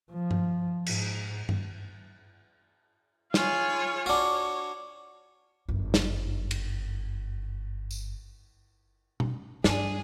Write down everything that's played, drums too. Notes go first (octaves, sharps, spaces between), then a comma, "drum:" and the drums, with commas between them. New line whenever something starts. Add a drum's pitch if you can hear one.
F3
drum: tom G2
G#2, drum: cymbal
drum: tom G2
F4 G#4 C#5, drum: snare
D4 F#4 C#5
G1 F#2
drum: snare
drum: cymbal
drum: tambourine
C#4, drum: tom B2
G2 D4 G#4, drum: snare